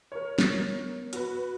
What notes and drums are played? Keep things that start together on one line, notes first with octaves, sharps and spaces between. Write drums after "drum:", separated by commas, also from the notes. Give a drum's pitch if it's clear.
A#4 C#5
B3, drum: snare
F#4 B4, drum: hi-hat